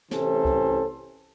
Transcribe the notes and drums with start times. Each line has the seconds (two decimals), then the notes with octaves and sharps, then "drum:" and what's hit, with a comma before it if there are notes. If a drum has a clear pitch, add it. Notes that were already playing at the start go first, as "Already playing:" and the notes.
0.11 A1 C3 E3 C#4 A4 C5, drum: snare
0.45 drum: kick C2